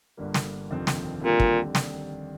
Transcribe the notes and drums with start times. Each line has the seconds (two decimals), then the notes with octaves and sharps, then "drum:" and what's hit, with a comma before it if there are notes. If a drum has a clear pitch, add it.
0.17 G1 G2 D3 G3 A#3
0.34 drum: snare
0.69 F1 D#2 D3 F3 C4
0.87 drum: snare
1.22 D#2 A#2 D3 G3 C4
1.40 drum: kick
1.75 drum: snare